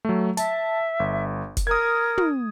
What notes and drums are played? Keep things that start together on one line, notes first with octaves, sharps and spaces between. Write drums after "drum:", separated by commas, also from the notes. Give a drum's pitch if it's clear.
F#3 A3
E5 A5, drum: hi-hat
G1
drum: kick F1, hi-hat
A#4 D#6 G#6
drum: tom